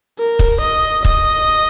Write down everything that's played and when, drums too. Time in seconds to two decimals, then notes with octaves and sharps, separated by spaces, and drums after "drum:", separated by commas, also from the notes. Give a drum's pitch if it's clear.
0.19 A#4
0.39 drum: kick
0.61 D#5
1.05 D#5, drum: kick